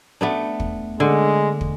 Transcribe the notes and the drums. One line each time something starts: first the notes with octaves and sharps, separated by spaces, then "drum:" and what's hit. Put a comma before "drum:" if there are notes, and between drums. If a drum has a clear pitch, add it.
A3 B3 D4
drum: kick
D3 G#3
drum: kick